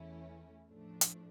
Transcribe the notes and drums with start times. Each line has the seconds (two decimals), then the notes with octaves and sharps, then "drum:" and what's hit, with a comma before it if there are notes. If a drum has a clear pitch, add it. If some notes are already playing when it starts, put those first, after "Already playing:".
Already playing: E2 E3 A3 C#4 E4
0.69 A2 F3 A3 D4
1.01 drum: hi-hat